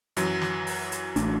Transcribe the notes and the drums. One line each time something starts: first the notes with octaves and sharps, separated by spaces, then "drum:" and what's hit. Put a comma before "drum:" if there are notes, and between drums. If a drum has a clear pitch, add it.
F#2 E3 F#3, drum: hi-hat
drum: snare
drum: open hi-hat
drum: hi-hat
A1 A3 D4, drum: hi-hat